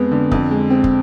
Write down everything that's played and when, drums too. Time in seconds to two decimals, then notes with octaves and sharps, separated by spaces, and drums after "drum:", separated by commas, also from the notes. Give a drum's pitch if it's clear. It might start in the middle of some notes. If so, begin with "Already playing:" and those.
Already playing: F2 G#3 B3
0.11 D3
0.32 F2, drum: kick
0.51 G#3
0.70 C4
0.84 drum: kick